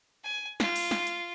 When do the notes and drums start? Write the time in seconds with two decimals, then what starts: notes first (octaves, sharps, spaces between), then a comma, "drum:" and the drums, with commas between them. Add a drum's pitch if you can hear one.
0.24 G#5
0.60 F4, drum: snare
0.76 drum: open hi-hat
0.91 drum: snare
1.07 drum: hi-hat